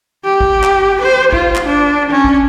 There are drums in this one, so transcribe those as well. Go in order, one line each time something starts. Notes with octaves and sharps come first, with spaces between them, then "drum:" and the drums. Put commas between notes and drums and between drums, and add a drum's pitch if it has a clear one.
G4
drum: kick G#1
drum: clap
C5
F4, drum: kick G#1
drum: clap
D4
C#4
drum: kick G#1